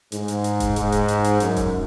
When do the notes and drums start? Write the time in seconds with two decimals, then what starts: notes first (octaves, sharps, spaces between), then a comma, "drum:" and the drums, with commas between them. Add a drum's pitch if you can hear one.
0.12 G#2, drum: hi-hat
0.28 drum: hi-hat
0.44 drum: hi-hat
0.60 drum: kick D#1, hi-hat
0.76 G#2, drum: hi-hat
0.92 drum: hi-hat
1.08 drum: hi-hat
1.24 drum: hi-hat
1.40 F#2, drum: hi-hat
1.56 drum: kick D#1, hi-hat